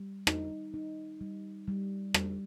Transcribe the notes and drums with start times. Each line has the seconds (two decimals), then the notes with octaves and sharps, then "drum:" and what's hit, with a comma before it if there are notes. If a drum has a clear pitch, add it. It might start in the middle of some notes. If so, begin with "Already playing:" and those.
Already playing: G3
0.27 D#4, drum: rim click
0.74 D#4
1.21 G3
1.68 G3
2.14 G3, drum: rim click